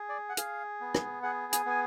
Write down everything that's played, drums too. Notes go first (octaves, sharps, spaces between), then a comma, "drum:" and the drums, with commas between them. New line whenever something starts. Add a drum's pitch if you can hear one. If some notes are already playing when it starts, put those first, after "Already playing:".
Already playing: G#4
D5
F#5
G#4 F5, drum: hi-hat
B3
drum: rim click
G#4 F#5
G#5, drum: hi-hat
B3 G#5